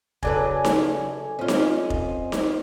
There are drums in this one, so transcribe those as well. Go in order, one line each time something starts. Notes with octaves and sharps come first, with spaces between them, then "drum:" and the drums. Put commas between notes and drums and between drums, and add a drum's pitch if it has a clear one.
C#3 F#3 A4 B4 D5 G#5, drum: kick F1
drum: snare D#4
C4 C#4 F4 C5 D#5
drum: snare D#4
drum: kick F1
drum: snare D#4